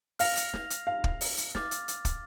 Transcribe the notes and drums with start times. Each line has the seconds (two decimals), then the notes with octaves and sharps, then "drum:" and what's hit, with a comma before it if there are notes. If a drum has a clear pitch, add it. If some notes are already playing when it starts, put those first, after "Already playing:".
0.19 F5 F6 A#6 F7, drum: open hi-hat
0.37 drum: hi-hat
0.53 drum: snare
0.70 drum: hi-hat
0.87 F5
1.04 drum: kick
1.21 drum: open hi-hat
1.38 drum: hi-hat
1.55 D6 F6 A6, drum: snare
1.71 drum: hi-hat
1.88 drum: hi-hat
2.05 drum: kick, hi-hat